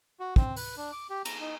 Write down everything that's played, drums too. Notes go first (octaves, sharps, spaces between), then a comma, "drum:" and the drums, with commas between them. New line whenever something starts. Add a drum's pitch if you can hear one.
F#4
C4, drum: kick
B4, drum: open hi-hat
D4
D6
G4
A#5, drum: cymbal
D#4